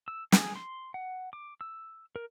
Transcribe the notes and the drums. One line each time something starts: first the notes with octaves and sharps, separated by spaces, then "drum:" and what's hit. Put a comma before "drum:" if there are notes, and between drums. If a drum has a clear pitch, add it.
E6
G#4, drum: snare
C6
F#5
D6
E6
A#4